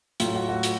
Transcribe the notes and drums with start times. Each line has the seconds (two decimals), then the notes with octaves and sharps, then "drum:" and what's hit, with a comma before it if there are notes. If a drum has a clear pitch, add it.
0.20 A2 F#3 F4, drum: hi-hat
0.35 F#4
0.49 F#4
0.63 drum: hi-hat